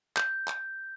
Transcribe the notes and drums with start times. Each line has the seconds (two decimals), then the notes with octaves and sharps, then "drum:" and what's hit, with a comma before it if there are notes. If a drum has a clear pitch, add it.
0.17 G6, drum: clap
0.47 drum: clap